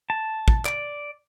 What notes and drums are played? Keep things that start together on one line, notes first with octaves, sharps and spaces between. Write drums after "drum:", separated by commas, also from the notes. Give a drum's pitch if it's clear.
A5
drum: kick
D5, drum: clap